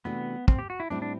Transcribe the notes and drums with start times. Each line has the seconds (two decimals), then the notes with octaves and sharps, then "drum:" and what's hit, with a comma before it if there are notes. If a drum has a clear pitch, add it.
0.05 C3 E3 A3 B3 D4 F#4
0.48 C4, drum: kick
0.59 G4
0.70 F#4
0.80 E4
0.90 A2 G3 C4 D4 E4
1.02 D4